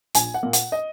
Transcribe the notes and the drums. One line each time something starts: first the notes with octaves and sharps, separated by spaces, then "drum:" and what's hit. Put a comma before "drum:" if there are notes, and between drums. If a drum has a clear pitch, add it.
A#1 G#5, drum: hi-hat
F#5
A#2 A#3
F#5, drum: hi-hat
D#5